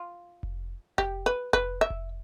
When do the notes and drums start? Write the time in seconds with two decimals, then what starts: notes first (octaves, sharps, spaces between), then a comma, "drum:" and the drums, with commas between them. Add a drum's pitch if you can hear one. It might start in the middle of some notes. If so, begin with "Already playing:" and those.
Already playing: F4
0.43 drum: kick F1
0.98 G4, drum: kick F1
1.26 B4
1.53 B4, drum: kick F1
1.81 E5
1.90 drum: kick F1